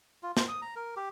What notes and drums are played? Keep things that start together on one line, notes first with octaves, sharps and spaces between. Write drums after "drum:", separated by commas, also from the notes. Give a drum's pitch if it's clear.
F4
C5, drum: snare
D#6
A#5
A#4
G4